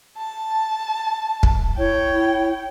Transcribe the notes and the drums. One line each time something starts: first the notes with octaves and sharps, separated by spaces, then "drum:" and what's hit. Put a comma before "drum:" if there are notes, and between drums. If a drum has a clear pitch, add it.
A5
drum: kick
E4 C#5 G5